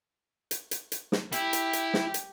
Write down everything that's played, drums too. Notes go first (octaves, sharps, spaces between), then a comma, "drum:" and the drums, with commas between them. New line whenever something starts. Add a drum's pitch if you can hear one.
drum: hi-hat
drum: hi-hat
drum: hi-hat
drum: snare
E4 G4, drum: hi-hat
drum: hi-hat
drum: hi-hat
drum: snare
drum: hi-hat